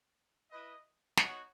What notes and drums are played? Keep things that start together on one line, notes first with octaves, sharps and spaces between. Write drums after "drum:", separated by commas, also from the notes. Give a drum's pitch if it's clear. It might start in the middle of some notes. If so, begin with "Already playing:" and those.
E4 B4 D#5
B3 D#4 F#4 C#5, drum: snare